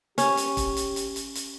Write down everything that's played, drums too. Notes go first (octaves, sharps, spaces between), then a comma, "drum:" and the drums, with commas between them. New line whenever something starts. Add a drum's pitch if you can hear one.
C#4 G4, drum: hi-hat
drum: hi-hat
drum: kick, hi-hat
drum: hi-hat
drum: hi-hat
drum: hi-hat
drum: hi-hat